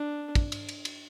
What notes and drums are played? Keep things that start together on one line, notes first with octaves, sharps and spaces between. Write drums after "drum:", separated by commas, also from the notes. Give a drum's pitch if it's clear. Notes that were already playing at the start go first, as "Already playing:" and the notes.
Already playing: D4
drum: kick, cymbal
drum: cymbal
drum: cymbal
drum: cymbal